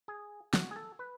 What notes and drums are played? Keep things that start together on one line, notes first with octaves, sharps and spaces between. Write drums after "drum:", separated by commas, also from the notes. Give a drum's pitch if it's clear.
G#4
F#4, drum: snare
G#4
A4
B4